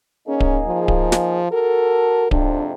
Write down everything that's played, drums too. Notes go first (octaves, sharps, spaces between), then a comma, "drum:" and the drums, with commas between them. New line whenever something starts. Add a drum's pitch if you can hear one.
A#3 C#4 D#4 G#4
drum: kick D1
F3
drum: kick D1
drum: snare
F#4 A4 A#4
F2 G#2 C3 D4, drum: kick D1